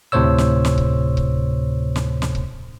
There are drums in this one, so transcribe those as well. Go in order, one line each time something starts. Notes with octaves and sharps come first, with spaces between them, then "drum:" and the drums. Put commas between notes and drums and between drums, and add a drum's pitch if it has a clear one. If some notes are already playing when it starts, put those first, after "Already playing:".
D2 A2 C3 C5 C#5 E6
drum: snare
drum: snare
drum: kick C#1
drum: kick C#1
drum: snare
drum: snare
drum: kick C#1